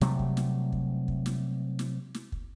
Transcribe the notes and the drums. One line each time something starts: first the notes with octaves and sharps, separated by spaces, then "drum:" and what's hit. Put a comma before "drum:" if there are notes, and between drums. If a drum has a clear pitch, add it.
C3 F#3 G3 A3, drum: snare
drum: kick
drum: snare
drum: kick
drum: kick
drum: snare
drum: snare
drum: snare
drum: kick